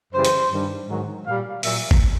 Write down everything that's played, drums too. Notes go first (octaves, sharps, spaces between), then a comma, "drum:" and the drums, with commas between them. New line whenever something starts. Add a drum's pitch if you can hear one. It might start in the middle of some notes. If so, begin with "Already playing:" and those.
F#2 C#3 E3 G3 C5
drum: hi-hat
G2 D#3 G3
G#2 D#3 F#3
A#2 G3 F5
A#2 F#3 E5, drum: open hi-hat
drum: kick G#1